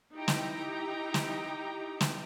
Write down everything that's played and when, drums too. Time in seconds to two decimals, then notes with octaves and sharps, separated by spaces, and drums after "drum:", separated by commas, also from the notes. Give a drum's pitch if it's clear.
0.13 D#4 E4 G4 G5 A#5
0.28 drum: snare
1.14 drum: snare
2.01 drum: snare